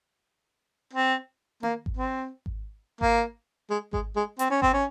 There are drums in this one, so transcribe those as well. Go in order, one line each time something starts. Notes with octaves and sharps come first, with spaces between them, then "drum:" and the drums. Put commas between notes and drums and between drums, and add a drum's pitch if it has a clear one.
C4
A#3, drum: tom A#3
drum: kick G#1
C4
drum: kick G#1
A#3, drum: kick G#1
G#3
G#3, drum: kick G#1
G#3
C4, drum: hi-hat
C#4
C4, drum: kick G#1
C#4